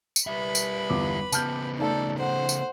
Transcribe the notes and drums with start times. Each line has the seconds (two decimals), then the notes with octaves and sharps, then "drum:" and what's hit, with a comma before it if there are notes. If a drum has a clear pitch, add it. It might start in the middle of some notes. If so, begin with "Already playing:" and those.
0.16 drum: tambourine
0.27 G3 B4 E5 B5
0.55 drum: tambourine
0.89 G1 E2 D6
1.32 C#3 B3 A5 F6 G6, drum: tambourine
1.79 A3 D#4 A4 D5
2.17 C5 F#5
2.49 drum: tambourine